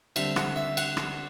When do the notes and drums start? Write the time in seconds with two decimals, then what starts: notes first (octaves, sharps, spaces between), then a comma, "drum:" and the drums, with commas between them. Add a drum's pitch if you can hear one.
0.16 D3 G3 C4 E5, drum: cymbal
0.36 F#5, drum: rim click
0.56 E5
0.77 F#5, drum: cymbal
0.97 drum: rim click